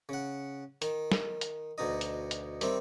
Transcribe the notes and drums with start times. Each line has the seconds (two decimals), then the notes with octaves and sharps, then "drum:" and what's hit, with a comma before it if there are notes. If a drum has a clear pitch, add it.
0.09 C#3 F#5
0.82 D#3, drum: hi-hat
1.12 drum: snare
1.41 drum: hi-hat
1.78 D2 B2 D#4 D#5
2.01 drum: hi-hat
2.31 drum: hi-hat
2.61 D#3 G3 C4 E5, drum: hi-hat